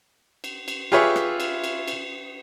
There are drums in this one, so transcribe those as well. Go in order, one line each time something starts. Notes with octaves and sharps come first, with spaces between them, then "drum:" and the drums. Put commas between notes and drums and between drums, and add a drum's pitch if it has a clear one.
drum: cymbal
drum: cymbal
F4 G4 G#4 B4 C#5 E5
drum: rim click
drum: cymbal
drum: cymbal
drum: cymbal